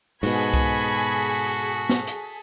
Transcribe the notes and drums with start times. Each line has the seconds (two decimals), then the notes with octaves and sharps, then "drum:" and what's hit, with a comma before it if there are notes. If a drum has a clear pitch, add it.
0.23 G#2 B2 F#4 G#4 A4 G#5 B5 B6, drum: open hi-hat
0.54 drum: kick C2
1.89 drum: snare
2.07 drum: hi-hat